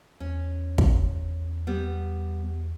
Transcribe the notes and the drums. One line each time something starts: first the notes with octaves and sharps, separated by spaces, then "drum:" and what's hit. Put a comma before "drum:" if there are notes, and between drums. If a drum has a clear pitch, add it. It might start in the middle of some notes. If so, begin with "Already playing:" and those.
E2 C#4
drum: kick
G3 B3